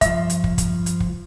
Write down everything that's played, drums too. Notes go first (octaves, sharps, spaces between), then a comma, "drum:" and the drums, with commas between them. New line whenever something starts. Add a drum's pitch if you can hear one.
G2 F3 E5, drum: kick, hi-hat
drum: hi-hat
drum: kick
drum: kick, hi-hat
drum: hi-hat
drum: kick